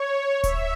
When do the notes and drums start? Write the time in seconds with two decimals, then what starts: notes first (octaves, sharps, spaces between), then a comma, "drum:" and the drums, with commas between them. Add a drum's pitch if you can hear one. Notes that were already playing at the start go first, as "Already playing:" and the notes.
Already playing: C#5
0.44 E5, drum: kick D1, hi-hat